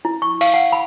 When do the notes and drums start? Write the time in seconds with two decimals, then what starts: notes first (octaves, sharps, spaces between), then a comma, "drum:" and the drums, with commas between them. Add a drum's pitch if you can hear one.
0.05 E4
0.22 C#6
0.41 F5, drum: open hi-hat
0.54 F#5
0.72 B5